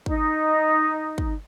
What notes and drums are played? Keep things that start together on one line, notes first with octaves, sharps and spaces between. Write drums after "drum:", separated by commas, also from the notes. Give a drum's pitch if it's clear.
D#4, drum: kick
drum: kick